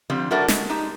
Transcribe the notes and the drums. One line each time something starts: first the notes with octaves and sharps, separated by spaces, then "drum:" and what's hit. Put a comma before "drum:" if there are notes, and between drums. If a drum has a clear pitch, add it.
D3 F3 G3 C4
G3 A3 D4 F#4 A#4 D5
G#3, drum: snare
G#3 D#4 G4